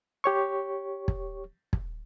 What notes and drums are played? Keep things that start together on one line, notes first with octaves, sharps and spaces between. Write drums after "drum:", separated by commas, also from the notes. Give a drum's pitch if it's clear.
G4 C#5 C#6
drum: kick
drum: kick